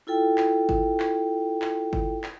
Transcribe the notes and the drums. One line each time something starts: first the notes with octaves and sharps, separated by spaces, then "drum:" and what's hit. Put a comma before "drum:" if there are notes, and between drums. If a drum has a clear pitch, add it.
E4 F4 A4 G5
drum: clap
drum: kick G1
drum: clap
drum: clap
drum: kick G1
drum: clap